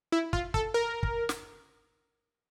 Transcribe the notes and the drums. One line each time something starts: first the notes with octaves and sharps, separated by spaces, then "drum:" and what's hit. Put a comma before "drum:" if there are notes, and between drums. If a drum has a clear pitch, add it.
E4
F4, drum: kick
A4, drum: kick
A#4
drum: kick
drum: snare